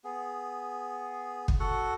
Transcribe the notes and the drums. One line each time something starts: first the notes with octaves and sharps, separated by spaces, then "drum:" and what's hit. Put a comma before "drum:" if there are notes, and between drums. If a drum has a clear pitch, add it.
B3 G#4
drum: kick
F#4 A4 F#5